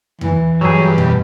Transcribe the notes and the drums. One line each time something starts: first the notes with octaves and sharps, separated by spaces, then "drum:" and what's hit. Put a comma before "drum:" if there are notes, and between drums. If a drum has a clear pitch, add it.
E3, drum: tom E2
G2 F#3 G#4
B2, drum: tom E2